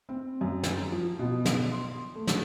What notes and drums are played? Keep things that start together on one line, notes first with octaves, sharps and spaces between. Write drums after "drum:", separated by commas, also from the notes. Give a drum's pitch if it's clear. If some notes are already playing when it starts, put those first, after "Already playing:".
C4
F#2
drum: snare
F3
B2
drum: snare
C6
A3
drum: snare